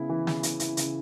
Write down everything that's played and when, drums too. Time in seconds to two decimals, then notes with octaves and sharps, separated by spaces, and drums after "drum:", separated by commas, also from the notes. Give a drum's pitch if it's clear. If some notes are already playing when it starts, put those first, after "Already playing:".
Already playing: C#3 B3 E4
0.09 E3
0.27 C#3, drum: snare
0.43 E3, drum: hi-hat
0.60 E4, drum: hi-hat
0.77 C#3, drum: hi-hat